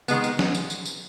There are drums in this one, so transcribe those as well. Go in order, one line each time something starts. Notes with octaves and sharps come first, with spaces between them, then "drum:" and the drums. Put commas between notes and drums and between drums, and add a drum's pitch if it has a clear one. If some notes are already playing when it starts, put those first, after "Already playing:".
D#3 G#3 B3, drum: tambourine
drum: tambourine
drum: snare
drum: tambourine
drum: tambourine
drum: tambourine